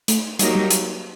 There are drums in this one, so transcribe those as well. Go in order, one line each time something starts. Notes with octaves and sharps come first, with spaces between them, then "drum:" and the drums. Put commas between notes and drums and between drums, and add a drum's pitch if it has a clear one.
A3, drum: hi-hat
F#3 G3 A#3 D#4 G4 A#4, drum: hi-hat
G3
drum: hi-hat